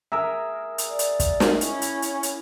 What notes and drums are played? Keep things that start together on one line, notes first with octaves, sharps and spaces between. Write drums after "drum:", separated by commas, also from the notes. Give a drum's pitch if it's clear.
G#4 A#4 E5 A#5 E6
drum: hi-hat
D5
drum: hi-hat
drum: kick, hi-hat
drum: snare
C#4 E4, drum: hi-hat
drum: hi-hat
drum: hi-hat
drum: hi-hat